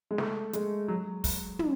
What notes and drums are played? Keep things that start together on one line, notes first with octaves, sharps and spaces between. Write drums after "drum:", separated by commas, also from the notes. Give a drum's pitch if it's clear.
G#3
A3, drum: snare
G#3, drum: hi-hat
F#3
drum: kick, open hi-hat
drum: tom